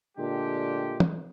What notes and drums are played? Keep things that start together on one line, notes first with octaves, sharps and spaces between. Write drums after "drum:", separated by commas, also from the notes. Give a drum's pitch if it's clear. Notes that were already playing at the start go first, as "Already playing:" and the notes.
A#2 D3 G#3 A3 D4 G4
drum: tom